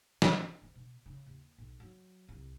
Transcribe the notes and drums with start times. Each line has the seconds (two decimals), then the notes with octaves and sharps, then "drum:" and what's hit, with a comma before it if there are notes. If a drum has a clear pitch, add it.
0.22 B2, drum: snare
0.46 D3
0.62 D2
0.75 B2
1.06 C#3
1.27 D#2
1.58 B1
1.80 F#3
2.29 C2